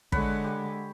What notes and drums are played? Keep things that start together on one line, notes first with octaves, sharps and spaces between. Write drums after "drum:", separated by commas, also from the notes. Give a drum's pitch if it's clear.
D3 G#3 C#5 F#5 B5, drum: kick
G4